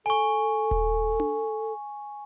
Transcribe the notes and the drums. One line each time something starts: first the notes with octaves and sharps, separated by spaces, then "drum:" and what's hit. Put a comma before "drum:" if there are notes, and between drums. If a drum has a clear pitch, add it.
A4 G#5 C#6
drum: kick D#1
drum: tom D4